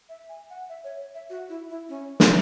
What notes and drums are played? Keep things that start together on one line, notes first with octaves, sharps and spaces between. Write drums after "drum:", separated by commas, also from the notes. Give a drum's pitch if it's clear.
E5
G#5
F#5
E5
C#5
E5
F#4
E4
E4
C#4
E4, drum: snare